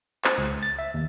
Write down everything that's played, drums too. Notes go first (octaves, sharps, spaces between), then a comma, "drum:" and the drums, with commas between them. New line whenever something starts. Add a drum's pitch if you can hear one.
C5, drum: clap
C#2
A6
E5
D#2